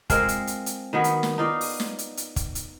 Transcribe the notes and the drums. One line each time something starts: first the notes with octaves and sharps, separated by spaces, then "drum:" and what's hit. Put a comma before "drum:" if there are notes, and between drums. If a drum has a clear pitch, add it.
G#3 C4 F4 A#4, drum: kick, hi-hat
drum: hi-hat
drum: hi-hat
drum: hi-hat
D#3 F#3 B3
drum: hi-hat
drum: snare
D#4 F4 D5
drum: open hi-hat
drum: snare
drum: hi-hat
drum: hi-hat
drum: kick, hi-hat
drum: hi-hat